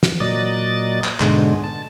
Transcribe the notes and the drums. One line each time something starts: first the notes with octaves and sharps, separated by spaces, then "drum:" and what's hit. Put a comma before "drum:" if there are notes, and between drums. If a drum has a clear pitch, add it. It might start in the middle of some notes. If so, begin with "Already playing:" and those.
drum: snare
A#2 F#3 D5 D#5 A6
drum: clap
G#2 B2 D3 G#3, drum: clap
A5